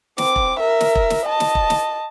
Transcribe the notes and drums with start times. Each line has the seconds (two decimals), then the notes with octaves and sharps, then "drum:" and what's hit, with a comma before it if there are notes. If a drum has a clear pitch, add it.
0.18 C4 D6, drum: snare
0.36 drum: kick E1
0.59 A#4 E5
0.80 drum: snare
0.95 drum: kick E1
1.10 drum: snare
1.25 D#5 A5
1.40 drum: snare
1.55 drum: kick E1
1.70 drum: snare